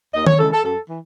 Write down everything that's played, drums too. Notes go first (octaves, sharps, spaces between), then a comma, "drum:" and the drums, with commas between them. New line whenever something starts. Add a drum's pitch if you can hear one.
D#2 D#5
C#5, drum: tom D#3
C#3 E3 G#3 A4
A4
F#2 A4
E3